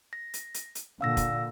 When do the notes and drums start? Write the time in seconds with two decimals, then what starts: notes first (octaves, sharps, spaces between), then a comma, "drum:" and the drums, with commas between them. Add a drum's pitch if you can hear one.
0.13 A#6
0.34 drum: hi-hat
0.54 drum: hi-hat
0.75 drum: hi-hat
1.01 A#2 D3 F5 E6 A#6
1.17 drum: kick, hi-hat